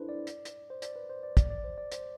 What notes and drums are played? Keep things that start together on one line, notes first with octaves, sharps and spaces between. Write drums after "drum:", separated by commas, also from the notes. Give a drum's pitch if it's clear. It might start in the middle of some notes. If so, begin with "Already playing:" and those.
Already playing: D4 E4 A4 B4 C5
D5
drum: hi-hat
drum: hi-hat
C5
D5, drum: hi-hat
B4
C5
D5
D5, drum: kick, hi-hat
D5
C5
D5
C5, drum: hi-hat